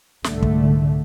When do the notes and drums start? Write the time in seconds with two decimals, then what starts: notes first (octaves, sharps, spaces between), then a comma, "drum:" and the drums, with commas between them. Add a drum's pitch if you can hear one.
0.24 C2 G#2 D3 A3, drum: snare
0.42 drum: kick